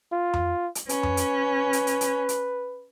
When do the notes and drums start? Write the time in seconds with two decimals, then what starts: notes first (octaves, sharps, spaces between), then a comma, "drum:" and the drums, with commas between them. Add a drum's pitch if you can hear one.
0.12 F4
0.33 drum: tom F2
0.75 drum: hi-hat
0.89 C#4 B4, drum: hi-hat
1.03 drum: tom F2
1.17 drum: hi-hat
1.73 drum: hi-hat
1.87 drum: hi-hat
2.01 drum: hi-hat
2.29 drum: hi-hat